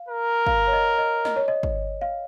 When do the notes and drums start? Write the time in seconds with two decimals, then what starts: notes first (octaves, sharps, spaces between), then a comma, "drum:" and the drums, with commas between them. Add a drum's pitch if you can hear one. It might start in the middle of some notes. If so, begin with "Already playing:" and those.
Already playing: F5
0.08 A#4
0.47 F5, drum: kick
0.67 C#5
0.73 D#5
0.98 D#5
1.25 D#5, drum: snare
1.36 C#5
1.48 D#5
1.63 drum: kick
2.01 F5